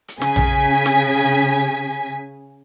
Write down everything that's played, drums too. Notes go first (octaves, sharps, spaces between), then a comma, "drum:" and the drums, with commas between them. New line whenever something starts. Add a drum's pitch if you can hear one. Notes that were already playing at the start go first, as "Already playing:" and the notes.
drum: hi-hat
C#3 G#5 B6, drum: snare
drum: tom A#1
drum: snare